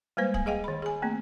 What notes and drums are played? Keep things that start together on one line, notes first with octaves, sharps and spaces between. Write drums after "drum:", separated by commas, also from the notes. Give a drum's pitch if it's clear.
G3 G#3 A#3 B4 C5
G#5, drum: kick
G#4 D#5 F5 G5
D#3 B5
G#4 G#5
A3 A#3 C4